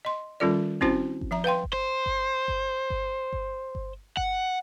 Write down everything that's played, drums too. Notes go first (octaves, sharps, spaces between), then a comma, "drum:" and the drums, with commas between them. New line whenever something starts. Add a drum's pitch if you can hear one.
D#5 C6
D#3 G3 C#4 F4 A4 D5
C4 C#4 E4 F#4 C5, drum: kick G1
drum: kick G1
F3 E5 A#5
B4 F5 G5 C6
drum: kick G1
C5
drum: kick G1
drum: kick G1
drum: kick G1
drum: kick G1
drum: kick G1
F#5, drum: kick G1